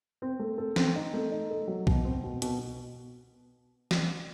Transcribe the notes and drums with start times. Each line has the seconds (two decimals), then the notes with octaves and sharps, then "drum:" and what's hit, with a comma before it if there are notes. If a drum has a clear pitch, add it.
0.22 C4
0.39 A3
0.58 A4
0.76 C4, drum: snare
0.96 D#4
1.13 A3
1.32 D#4
1.50 A4
1.68 F#3
1.87 B2, drum: kick B1
2.04 C4
2.24 B2
2.42 B2, drum: hi-hat
2.59 B2
3.91 drum: snare